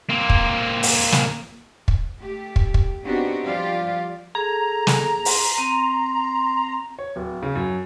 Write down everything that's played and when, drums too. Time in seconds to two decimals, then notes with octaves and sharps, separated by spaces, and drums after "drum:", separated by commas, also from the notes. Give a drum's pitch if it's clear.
0.09 A#3 C4
0.30 drum: kick
0.83 drum: open hi-hat
1.12 drum: snare
1.88 drum: kick
2.22 A3 G4
2.56 drum: kick
2.74 drum: kick
3.05 B3 C4 D4 D#4 F#4 G4
3.45 F3 G3 F4 G4 D5 F5
4.35 G#4 A4 A#5
4.87 drum: snare
5.25 C6, drum: open hi-hat
5.58 C4
6.99 C#5
7.16 D1
7.42 C#3
7.55 F#2